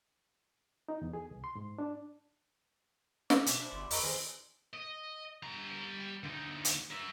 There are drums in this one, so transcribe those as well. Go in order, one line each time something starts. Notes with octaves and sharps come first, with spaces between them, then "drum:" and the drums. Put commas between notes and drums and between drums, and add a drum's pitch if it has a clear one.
D#4
E2
G#4
C2
C6
G#2
D4
D6, drum: snare
B2 D5 E5 B5, drum: hi-hat
D4 C5
G1 C6
F2 D#5 A#5 B5 C#6, drum: open hi-hat
D#3 B3 C4 D#4 G#4 C5
D#5
G3 A#5
D2 D#4
drum: hi-hat
A#4 E5